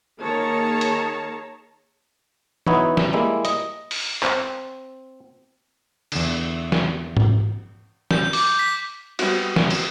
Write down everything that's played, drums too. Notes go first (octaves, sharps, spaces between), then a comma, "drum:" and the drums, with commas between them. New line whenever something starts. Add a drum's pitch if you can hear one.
D#3 A#3 G#4 C#5 A5 A#5
drum: hi-hat
B3 D#4 E4 F#4 B4 C#5, drum: tom E3
drum: snare
G3 G#3 A#3 E4
D#5, drum: hi-hat
drum: open hi-hat
C4, drum: clap
E2 D3, drum: cymbal
drum: snare
drum: tom G#2
G6, drum: snare
D6, drum: open hi-hat
B6
G3 B3 C4 F#4, drum: cymbal
drum: snare
drum: cymbal